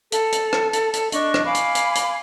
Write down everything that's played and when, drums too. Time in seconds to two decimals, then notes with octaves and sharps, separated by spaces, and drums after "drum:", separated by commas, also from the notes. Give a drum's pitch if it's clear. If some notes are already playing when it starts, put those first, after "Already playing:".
0.12 A4, drum: hi-hat
0.32 drum: hi-hat
0.53 drum: rim click
0.73 drum: hi-hat
0.93 drum: hi-hat
1.12 D4 D#5 C#6, drum: hi-hat
1.34 drum: rim click
1.45 F5 G#5 B5 D6
1.55 drum: hi-hat
1.75 drum: hi-hat
1.95 drum: hi-hat